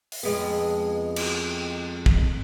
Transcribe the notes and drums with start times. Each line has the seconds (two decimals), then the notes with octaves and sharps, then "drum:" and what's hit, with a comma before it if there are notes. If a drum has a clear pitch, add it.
0.12 drum: open hi-hat
0.23 F2 G#3 B3
1.16 drum: cymbal
2.06 drum: kick